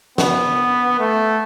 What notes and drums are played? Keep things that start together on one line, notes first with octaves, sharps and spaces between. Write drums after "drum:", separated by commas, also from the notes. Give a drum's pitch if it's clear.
B3, drum: snare
A3